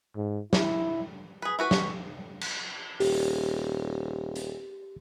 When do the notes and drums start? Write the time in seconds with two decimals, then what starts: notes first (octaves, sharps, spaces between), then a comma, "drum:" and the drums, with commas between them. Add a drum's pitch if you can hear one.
0.16 G#2
0.53 E4, drum: snare
1.42 G#4 B4
1.59 E4 F#4 B4
1.71 drum: snare
2.41 drum: cymbal
3.00 D#1 G4, drum: open hi-hat
4.36 drum: hi-hat